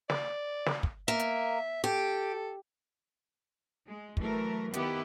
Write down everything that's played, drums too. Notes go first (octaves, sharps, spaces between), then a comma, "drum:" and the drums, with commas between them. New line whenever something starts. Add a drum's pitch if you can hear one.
D5, drum: snare
drum: snare
drum: kick
A#3 E5
drum: hi-hat
G4 A4
G#3
E3 F#3 A3 A#4, drum: kick
D#3 B3 E4 G4 B4, drum: hi-hat